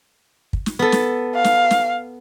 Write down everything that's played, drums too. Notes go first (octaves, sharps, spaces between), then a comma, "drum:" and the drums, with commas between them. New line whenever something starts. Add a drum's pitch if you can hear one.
drum: kick
drum: snare
B3 A4
drum: snare
F5
drum: snare
drum: snare